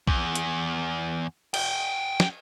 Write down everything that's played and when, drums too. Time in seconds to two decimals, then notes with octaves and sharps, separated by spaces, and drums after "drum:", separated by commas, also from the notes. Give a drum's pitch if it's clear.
0.07 E2, drum: kick
0.35 drum: hi-hat
1.54 F#5 G5, drum: cymbal
2.20 drum: snare